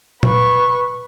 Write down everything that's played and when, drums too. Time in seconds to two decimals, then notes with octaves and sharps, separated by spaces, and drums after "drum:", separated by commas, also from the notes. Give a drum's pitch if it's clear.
0.23 B4 C#6, drum: tom A#2